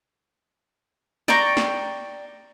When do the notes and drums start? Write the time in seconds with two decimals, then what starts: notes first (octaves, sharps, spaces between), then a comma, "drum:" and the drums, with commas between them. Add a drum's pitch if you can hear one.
1.28 D5 G5 A#5 C#6, drum: snare
1.57 drum: snare